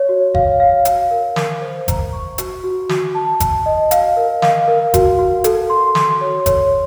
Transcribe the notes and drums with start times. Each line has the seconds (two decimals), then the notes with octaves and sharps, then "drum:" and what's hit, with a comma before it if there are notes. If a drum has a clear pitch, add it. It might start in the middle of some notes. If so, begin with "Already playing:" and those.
Already playing: C#5
0.09 F#4
0.35 F5, drum: kick G1
0.60 F5
0.85 F5, drum: hi-hat
1.11 A#4
1.36 A#4, drum: snare
1.62 C5
1.88 A#5, drum: kick G1, hi-hat
2.13 C#6
2.38 F#4, drum: hi-hat
2.64 F#4
2.89 F#4, drum: snare
3.15 A5
3.40 A5, drum: kick G1, hi-hat
3.66 D#5
3.91 F5, drum: hi-hat
4.17 A#4
4.42 F5, drum: snare
4.68 A#4
4.94 F#4, drum: kick G1, hi-hat
5.19 F#4
5.44 A4, drum: hi-hat
5.70 C6
5.95 C6, drum: snare
6.21 C#5
6.46 C#5, drum: kick G1, hi-hat